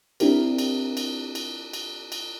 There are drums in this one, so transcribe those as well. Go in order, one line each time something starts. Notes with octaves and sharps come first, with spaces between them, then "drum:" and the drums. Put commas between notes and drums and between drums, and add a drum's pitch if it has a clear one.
C4 D4 E4 G4 A#4, drum: cymbal
drum: cymbal
drum: cymbal
drum: cymbal
drum: cymbal
drum: cymbal